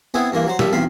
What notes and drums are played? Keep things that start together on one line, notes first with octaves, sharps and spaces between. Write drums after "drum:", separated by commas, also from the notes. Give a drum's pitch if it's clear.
B3 C4 E4 G#4
G2 E3 A#3
F#3 C5
A#1 F3 G3 E5, drum: snare
B1 E2 C4 F5 B5